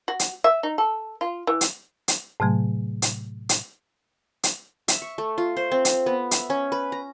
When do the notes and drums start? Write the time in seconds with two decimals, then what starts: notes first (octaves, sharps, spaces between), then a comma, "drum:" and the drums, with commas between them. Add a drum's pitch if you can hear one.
0.08 F#4
0.19 drum: hi-hat
0.44 E5
0.63 D#4
0.78 A4
1.21 F4
1.47 E3
1.61 drum: hi-hat
2.08 drum: hi-hat
2.40 A2 C3 F#3 A3
3.02 drum: hi-hat
3.49 drum: hi-hat
4.43 drum: hi-hat
4.88 E5, drum: hi-hat
5.02 C#6
5.18 A3
5.38 F4
5.57 C5
5.72 C4
5.85 drum: hi-hat
6.06 B3
6.31 E5, drum: hi-hat
6.50 C#4
6.72 B4
6.92 A#5